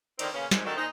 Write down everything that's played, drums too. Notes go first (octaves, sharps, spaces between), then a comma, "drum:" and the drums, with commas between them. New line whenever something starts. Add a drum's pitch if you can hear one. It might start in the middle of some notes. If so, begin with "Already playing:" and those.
D3 D#3 F3 C4 D4 D#4, drum: cymbal
A#2 C#3 A#3 B3 C#4
G#2 C3, drum: snare
F#2 D#3 G#3 D4 F#4 A4
A#2 D#4 G#4 C5 D#5